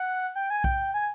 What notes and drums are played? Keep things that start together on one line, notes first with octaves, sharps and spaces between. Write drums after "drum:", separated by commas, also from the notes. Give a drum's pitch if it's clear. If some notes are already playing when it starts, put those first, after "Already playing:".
Already playing: F#5
G5
G#5
G5, drum: kick B1
G#5